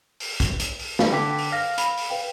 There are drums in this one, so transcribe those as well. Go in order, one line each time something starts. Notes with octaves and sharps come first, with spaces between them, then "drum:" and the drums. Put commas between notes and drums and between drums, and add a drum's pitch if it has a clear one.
drum: open hi-hat
drum: kick, hi-hat
drum: hi-hat
drum: open hi-hat
drum: snare
D3 G5 D6 B6
drum: open hi-hat
F5 F6 A#6
B5, drum: hi-hat
drum: open hi-hat
B4 F5 G5